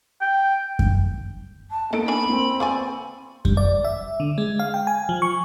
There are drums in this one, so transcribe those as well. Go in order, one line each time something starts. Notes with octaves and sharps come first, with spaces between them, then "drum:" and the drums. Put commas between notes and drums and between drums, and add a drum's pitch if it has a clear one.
G5
drum: kick F#2
A5
A#3 B3 D#4 A4 D#5 D7
D4 E4 G#5 B5
A#3 C4
B4 D5 G#5 C#6
G3, drum: kick F#2
D5
E5
D3
G#3
F5
G5
G#5
F3
C#6